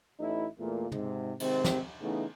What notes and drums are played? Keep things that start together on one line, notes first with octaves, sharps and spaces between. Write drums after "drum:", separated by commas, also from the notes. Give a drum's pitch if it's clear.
A1 A2 D#4 E4
E2 A#2 A3 A#3
G#2 C3, drum: tom
G#2 C3 D#3 C4, drum: cymbal
drum: snare
C#3 E3 A3 B3 C#4 D#4